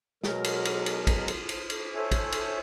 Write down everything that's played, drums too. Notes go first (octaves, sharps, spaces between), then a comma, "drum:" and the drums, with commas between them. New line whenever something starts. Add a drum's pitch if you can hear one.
B2 F#3 G#3 A#4, drum: snare
drum: cymbal
drum: cymbal
drum: cymbal
drum: kick A#1, cymbal
drum: cymbal
drum: cymbal
drum: cymbal
A4 C5 C#5 E5 G#5
drum: kick A#1, cymbal
drum: cymbal